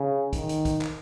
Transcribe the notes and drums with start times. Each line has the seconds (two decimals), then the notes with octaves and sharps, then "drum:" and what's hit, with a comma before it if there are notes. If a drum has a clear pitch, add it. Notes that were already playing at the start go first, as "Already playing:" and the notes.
Already playing: C#3
0.33 D#3, drum: kick, hi-hat
0.49 drum: hi-hat
0.65 drum: kick, hi-hat
0.81 drum: clap